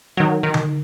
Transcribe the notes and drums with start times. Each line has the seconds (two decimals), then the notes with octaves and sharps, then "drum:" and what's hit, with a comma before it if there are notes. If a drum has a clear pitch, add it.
0.17 D#3 F#3
0.43 D#3
0.54 drum: tom D3